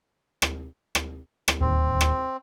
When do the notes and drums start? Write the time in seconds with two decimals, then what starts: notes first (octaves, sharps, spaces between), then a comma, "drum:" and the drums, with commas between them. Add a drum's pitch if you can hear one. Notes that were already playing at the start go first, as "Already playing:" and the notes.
0.42 drum: rim click
0.95 drum: rim click
1.48 drum: rim click
1.61 D1 D#2 C4
2.01 drum: rim click